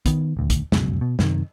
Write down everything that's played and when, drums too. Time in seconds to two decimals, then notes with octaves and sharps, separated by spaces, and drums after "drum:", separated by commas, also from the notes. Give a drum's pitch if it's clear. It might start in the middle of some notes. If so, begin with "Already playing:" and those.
0.06 D#3 B3, drum: kick, hi-hat
0.37 D#1 D2
0.50 drum: kick, hi-hat
0.72 F1 C#2 F#2 B2, drum: snare
1.01 B2
1.19 F#2 C3 D#3, drum: snare